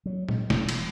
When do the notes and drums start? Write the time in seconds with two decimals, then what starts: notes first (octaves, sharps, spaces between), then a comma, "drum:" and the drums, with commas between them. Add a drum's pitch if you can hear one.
0.06 F#3
0.29 G#3, drum: tom A#2
0.50 E1, drum: snare
0.69 drum: cymbal